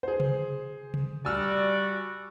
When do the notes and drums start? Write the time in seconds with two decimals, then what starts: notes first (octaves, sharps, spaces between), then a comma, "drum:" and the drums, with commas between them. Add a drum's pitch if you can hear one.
0.03 G#4 C5
0.20 drum: tom C3
0.94 drum: tom C3
1.25 G3 F#4 D5 G#5 E6 F6